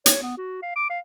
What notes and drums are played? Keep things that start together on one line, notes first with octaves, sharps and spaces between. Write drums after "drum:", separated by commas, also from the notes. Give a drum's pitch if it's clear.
C#5, drum: hi-hat
B3
F#4
F5
D6
F5